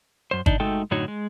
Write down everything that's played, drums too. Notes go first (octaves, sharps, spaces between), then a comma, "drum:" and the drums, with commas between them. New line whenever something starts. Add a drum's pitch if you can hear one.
F#2 C5
D4 D#4, drum: kick
G#3 A3 D#4 F#4 A4 G5
F#2 A2 D3 D#4 F#4 C#5
G#3